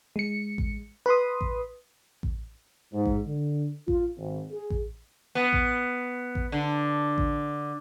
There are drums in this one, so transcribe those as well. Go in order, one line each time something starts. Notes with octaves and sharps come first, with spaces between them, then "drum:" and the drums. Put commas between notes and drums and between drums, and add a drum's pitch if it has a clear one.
G#3 C#7
drum: kick A1
B4 B5 C6 D#6
drum: kick A1
drum: kick A1
G#2
drum: kick A1
D3
F4, drum: kick A1
G#1
G#4
drum: kick A1
B3
drum: kick A1
drum: kick A1
D3
drum: kick A1